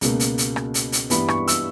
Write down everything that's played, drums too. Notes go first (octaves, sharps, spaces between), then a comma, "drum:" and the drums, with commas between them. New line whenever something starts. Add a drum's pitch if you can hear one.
C#2 B2 A#3, drum: hi-hat
drum: hi-hat
drum: hi-hat
drum: rim click
drum: hi-hat
drum: hi-hat
G2 E3 G3 B3 B5, drum: hi-hat
C#6, drum: rim click
E6, drum: hi-hat